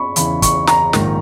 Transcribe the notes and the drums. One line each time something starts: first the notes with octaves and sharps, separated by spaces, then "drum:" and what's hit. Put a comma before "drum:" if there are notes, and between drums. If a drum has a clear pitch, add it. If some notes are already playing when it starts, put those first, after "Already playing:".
Already playing: B5 C#6
E2 C#3 E3 B5, drum: hi-hat
C#6, drum: kick, hi-hat
A#5, drum: snare
A#1 G#2 D#3 A#3, drum: snare